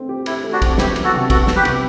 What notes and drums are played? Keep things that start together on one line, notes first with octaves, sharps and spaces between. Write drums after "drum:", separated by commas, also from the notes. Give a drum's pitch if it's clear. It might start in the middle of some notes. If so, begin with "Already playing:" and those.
Already playing: A3 C4
G4
E4 G4, drum: cymbal
A3
D4 F#4
C4, drum: kick, cymbal
B3 E4 G4, drum: snare
F#3, drum: cymbal
F#4 A4
C3
B3 F#4 A4, drum: kick, cymbal
B3, drum: snare
G4 B4
C3, drum: cymbal